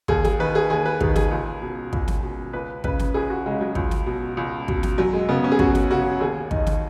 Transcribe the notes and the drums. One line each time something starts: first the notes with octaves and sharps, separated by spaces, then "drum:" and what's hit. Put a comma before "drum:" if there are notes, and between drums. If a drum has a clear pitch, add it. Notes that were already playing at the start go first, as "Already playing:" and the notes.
D#2 G#4, drum: kick
G#4, drum: snare
D#3 B4
G#4
D#2 G#4
B4
D#3 G#4, drum: kick
G#4, drum: snare
C#2
B2
C#2, drum: kick
drum: snare
B2
C#2 B4
C#3 B4, drum: kick
drum: snare
C#2 G#4
F#4
C#3 G#3
F#3
C#2, drum: kick
drum: snare
B2
C#2
B2, drum: kick
drum: snare
F#2 F#3
G#3
C#3 B3
C#4
G#4
F#2 F#4, drum: kick
drum: snare
C#3 F#4
D#2 G#4
D#3 D#4, drum: kick
drum: snare